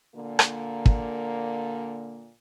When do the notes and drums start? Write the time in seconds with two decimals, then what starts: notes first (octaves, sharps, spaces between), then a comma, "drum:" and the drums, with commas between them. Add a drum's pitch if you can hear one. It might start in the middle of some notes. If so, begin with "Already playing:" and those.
0.15 A#2 D3 A#3
0.39 drum: rim click
0.86 drum: kick